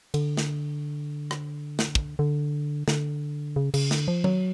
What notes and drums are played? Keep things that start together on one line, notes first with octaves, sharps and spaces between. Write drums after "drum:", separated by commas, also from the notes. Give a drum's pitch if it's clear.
D3, drum: cymbal
drum: snare
drum: rim click
drum: snare
drum: kick
D3
D3, drum: snare
C#3
C#3, drum: cymbal
D3, drum: snare
F3
F#3, drum: tom